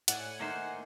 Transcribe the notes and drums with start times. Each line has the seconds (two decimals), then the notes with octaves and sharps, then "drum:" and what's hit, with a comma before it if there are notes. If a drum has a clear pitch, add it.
0.08 A2 D5 F#5 G#5, drum: hi-hat
0.41 D#3 A3 A#3 C5